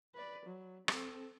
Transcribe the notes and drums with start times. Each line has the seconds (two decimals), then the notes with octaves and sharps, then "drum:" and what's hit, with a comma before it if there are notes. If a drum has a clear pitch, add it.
0.14 B4 D5
0.46 F#3
0.88 C4 A4, drum: rim click